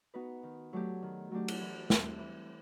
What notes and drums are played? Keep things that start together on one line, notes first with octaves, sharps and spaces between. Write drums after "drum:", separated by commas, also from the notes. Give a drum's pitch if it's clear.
B3 D#4 F#4 B4
D#3
F#3 A3 D4 G4
D#3
F#3 A3 D4 G4
drum: cymbal
E3
G3 C4 E4, drum: snare
E3